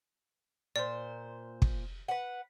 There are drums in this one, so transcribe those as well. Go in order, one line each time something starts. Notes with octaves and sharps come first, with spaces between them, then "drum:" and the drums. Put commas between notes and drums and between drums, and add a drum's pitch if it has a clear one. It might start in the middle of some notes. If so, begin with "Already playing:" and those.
A#2 C5 D5
drum: kick
B4 F#5